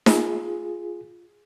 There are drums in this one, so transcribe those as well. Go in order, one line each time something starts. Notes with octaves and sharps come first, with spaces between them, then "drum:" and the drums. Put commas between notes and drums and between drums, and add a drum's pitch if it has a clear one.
F4 G#4, drum: snare D#4